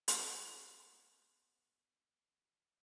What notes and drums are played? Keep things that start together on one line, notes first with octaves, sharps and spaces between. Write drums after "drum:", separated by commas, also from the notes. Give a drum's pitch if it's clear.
B3 D5 A5, drum: hi-hat